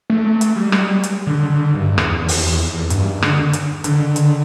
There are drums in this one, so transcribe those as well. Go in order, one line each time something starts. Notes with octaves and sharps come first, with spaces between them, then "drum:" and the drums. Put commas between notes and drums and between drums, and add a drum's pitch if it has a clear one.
A3
drum: hi-hat
G3
drum: rim click
drum: hi-hat
D3
D3
G2
G2
E2, drum: rim click
drum: open hi-hat
G2, drum: hi-hat
D3, drum: rim click
drum: hi-hat
D3, drum: hi-hat
drum: hi-hat